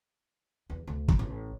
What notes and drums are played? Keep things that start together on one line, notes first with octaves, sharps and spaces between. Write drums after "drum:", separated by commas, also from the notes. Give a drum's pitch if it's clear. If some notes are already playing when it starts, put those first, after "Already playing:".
E2
D2
drum: kick
A1